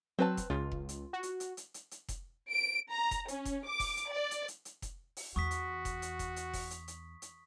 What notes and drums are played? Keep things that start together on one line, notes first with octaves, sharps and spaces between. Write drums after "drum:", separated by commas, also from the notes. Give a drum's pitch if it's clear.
F#3 C4 B4 A5
drum: kick F1, hi-hat
C#2 F4
drum: kick F1
drum: hi-hat
F#4
drum: hi-hat
drum: hi-hat
drum: hi-hat
drum: hi-hat
drum: hi-hat
drum: kick F1, hi-hat
D7
A#5
drum: kick F1, hi-hat
C#4, drum: hi-hat
drum: kick F1, hi-hat
D6
drum: kick F1, open hi-hat
drum: hi-hat
D5
drum: hi-hat
drum: hi-hat
drum: hi-hat
drum: kick F1, hi-hat
drum: open hi-hat
E2 F#4 C#6 D#6 B6
drum: hi-hat
drum: kick F1, hi-hat
drum: hi-hat
drum: kick F1, hi-hat
drum: hi-hat
drum: kick F1, open hi-hat
drum: hi-hat
drum: hi-hat
drum: hi-hat